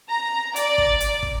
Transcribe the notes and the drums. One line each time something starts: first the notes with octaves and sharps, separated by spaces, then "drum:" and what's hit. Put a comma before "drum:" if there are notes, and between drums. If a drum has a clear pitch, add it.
A#5
D5, drum: hi-hat
drum: kick
drum: hi-hat
drum: kick